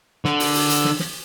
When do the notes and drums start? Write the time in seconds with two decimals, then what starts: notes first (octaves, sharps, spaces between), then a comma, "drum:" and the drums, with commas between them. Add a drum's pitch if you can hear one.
0.25 D3, drum: snare
0.40 drum: open hi-hat
0.55 drum: open hi-hat
0.70 drum: hi-hat
0.85 drum: snare
0.99 drum: snare